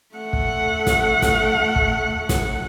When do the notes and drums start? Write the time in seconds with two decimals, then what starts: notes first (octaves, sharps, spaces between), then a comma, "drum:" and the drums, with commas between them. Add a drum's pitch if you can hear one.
0.15 A3 F#5
0.33 drum: kick
0.87 drum: snare
1.22 drum: snare
1.76 drum: kick
2.29 drum: snare